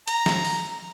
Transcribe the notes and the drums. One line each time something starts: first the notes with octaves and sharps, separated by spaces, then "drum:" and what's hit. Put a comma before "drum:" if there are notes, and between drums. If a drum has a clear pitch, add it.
A#5, drum: hi-hat
drum: snare
drum: open hi-hat